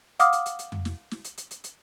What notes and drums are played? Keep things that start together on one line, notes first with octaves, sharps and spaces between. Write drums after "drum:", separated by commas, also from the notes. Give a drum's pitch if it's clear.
F5 F#5 D6 D#6 F6, drum: hi-hat
drum: hi-hat
drum: hi-hat
drum: hi-hat
drum: tom F2
drum: snare
drum: snare
drum: hi-hat
drum: hi-hat
drum: hi-hat
drum: hi-hat